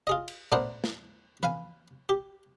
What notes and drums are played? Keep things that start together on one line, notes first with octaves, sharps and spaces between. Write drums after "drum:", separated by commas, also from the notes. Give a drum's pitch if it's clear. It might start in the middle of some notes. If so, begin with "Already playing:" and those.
F4 G#4 D#5
drum: cymbal
A3 B3 D4 A#4 C5 F#5, drum: tom A#2
drum: snare
B4 F5 G#5, drum: tom E3
G4